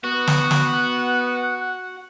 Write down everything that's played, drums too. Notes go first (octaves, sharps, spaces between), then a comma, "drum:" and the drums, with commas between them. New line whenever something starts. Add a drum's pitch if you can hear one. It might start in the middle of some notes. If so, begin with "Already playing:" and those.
B3 F#4 F#5
drum: snare
drum: snare